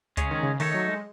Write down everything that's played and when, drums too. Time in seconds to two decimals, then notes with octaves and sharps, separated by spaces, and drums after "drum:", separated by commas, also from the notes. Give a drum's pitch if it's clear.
0.17 C#3 G#3 C#4 G#4 C#5, drum: kick C#2, hi-hat
0.31 D#3
0.43 C#3
0.60 D#3 A3 D#4 A4 C#5, drum: open hi-hat
0.74 F#3
0.88 G#3